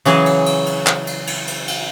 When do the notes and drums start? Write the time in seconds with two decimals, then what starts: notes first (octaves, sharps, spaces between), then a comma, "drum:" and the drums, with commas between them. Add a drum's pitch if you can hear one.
0.05 C#3 E3 F#3 G#4, drum: cymbal
0.26 drum: cymbal
0.46 drum: cymbal
0.66 drum: cymbal
0.87 drum: clap
1.07 drum: cymbal
1.27 drum: cymbal
1.47 drum: cymbal
1.68 drum: cymbal